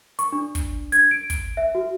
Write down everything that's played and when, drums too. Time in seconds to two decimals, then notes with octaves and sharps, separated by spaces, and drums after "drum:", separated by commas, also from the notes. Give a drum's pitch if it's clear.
0.19 C#6, drum: hi-hat
0.32 D4
0.55 drum: kick, hi-hat
0.92 G#6, drum: hi-hat
1.11 D7
1.30 drum: kick, hi-hat
1.57 E5
1.75 F#4